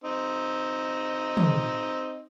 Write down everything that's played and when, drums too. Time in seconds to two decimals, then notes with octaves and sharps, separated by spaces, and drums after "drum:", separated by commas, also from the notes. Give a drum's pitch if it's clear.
0.04 C4 D#4
1.37 drum: tom